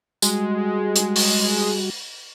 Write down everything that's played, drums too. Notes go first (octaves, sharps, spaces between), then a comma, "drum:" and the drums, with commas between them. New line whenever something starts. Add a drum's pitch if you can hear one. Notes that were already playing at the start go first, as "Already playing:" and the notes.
G3 G#3 F#4, drum: tambourine
drum: hi-hat
drum: open hi-hat